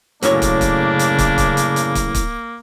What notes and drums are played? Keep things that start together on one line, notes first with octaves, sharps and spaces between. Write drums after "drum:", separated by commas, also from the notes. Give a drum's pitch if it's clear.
F#2 A2 C#3 A#3 D4 C#5, drum: hi-hat
drum: kick, hi-hat
drum: kick, hi-hat
drum: hi-hat
drum: kick, hi-hat
drum: kick, hi-hat
drum: hi-hat
drum: hi-hat
drum: kick, hi-hat
drum: kick, hi-hat